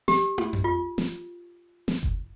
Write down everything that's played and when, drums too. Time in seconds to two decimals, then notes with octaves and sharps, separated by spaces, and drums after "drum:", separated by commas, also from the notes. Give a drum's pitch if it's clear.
0.08 G4, drum: snare
0.38 drum: tom
0.53 drum: tom F2
0.64 F4
0.98 drum: snare
1.88 drum: snare
2.03 drum: kick F#1